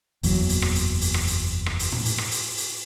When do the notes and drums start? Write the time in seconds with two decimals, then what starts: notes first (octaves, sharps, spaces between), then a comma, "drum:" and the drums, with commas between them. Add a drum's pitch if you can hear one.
0.23 F#1 E2 A#2 F#3, drum: open hi-hat
0.49 drum: open hi-hat
0.62 drum: rim click
0.75 drum: open hi-hat
1.01 drum: open hi-hat
1.14 drum: rim click
1.27 drum: open hi-hat
1.66 drum: rim click
1.79 drum: open hi-hat
1.92 drum: tom
2.05 drum: open hi-hat
2.18 drum: rim click
2.31 drum: open hi-hat
2.57 drum: open hi-hat